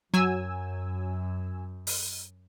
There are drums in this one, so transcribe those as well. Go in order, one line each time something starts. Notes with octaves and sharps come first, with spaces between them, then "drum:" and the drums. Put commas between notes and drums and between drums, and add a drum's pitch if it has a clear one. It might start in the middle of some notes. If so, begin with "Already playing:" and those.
F#2 F#3 G#5 E6
drum: open hi-hat